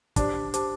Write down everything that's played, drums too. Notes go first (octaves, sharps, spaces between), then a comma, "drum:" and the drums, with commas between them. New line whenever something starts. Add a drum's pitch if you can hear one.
D4 G4 C5 A5 D6, drum: kick, hi-hat
G4 C5 A5 D6, drum: hi-hat